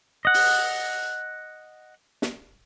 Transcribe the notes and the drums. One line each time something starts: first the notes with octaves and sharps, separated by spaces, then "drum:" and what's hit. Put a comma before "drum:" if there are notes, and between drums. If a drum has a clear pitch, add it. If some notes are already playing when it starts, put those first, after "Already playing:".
D#5 F#5
drum: open hi-hat
drum: snare